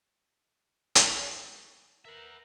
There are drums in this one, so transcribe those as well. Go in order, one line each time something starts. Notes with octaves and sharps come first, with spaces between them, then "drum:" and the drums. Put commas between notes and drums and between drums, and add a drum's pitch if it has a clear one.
drum: hi-hat
A#4 B4 E5 F#5